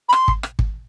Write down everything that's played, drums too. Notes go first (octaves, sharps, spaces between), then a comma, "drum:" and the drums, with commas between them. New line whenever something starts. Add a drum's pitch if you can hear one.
B5
C6, drum: rim click
drum: kick
drum: rim click
drum: kick